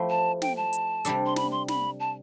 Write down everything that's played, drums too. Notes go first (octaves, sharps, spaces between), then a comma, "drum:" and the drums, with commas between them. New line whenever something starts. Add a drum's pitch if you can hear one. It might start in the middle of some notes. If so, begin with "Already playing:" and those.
Already playing: F3 A3 E4 G4 C5
A5
G5, drum: snare
A5
drum: hi-hat
C3 G3 D4 A4, drum: hi-hat
C6
B5, drum: snare
C6
B5, drum: snare
A5